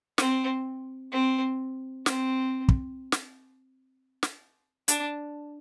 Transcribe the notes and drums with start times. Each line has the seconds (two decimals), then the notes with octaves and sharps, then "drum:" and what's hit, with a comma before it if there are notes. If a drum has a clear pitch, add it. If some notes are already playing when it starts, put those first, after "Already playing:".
0.18 C4, drum: snare
1.12 C4
2.06 C4, drum: snare
2.69 drum: kick
3.12 drum: snare
4.23 drum: snare
4.88 D4, drum: hi-hat